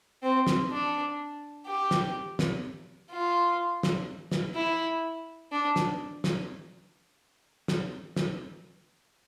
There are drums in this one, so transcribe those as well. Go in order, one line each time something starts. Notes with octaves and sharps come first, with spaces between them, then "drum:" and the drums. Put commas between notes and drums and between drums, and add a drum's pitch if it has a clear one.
C4
drum: snare
D4
G4
drum: snare
drum: snare
F4
drum: snare
drum: snare
E4
D4
drum: snare
drum: snare
drum: snare
drum: snare